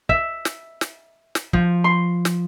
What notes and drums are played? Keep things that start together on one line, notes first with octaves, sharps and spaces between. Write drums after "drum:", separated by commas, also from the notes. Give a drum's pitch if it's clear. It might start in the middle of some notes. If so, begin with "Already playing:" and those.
E5, drum: kick
drum: snare
drum: snare
drum: snare
F3, drum: kick
C6
drum: snare